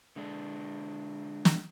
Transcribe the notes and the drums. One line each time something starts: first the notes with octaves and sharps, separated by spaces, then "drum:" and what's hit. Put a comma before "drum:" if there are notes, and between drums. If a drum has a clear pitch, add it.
D3 G#3 D4
drum: snare